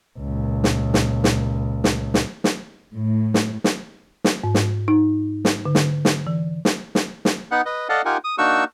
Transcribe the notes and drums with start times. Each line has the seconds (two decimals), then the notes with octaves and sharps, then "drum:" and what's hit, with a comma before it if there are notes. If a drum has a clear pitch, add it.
0.19 C#2 A#2
0.64 drum: snare
0.94 drum: snare
1.24 drum: snare
1.84 drum: snare
2.14 drum: snare
2.44 drum: snare
2.96 A2
3.34 drum: snare
3.64 drum: snare
4.24 drum: snare
4.44 G#2
4.55 drum: snare
4.88 D#4
5.45 drum: snare
5.65 D3
5.75 drum: snare
6.05 drum: snare
6.27 E3
6.65 drum: snare
6.95 drum: snare
7.25 drum: snare
7.51 B3 D#4 F#5
7.66 B4 D#5
7.89 A4 D5 D#5 F5 F#5
8.05 D#4 F4 G4 A#4 F#5 G#5
8.24 D#6
8.38 A#3 D4 D#4 F#4 C#6 E6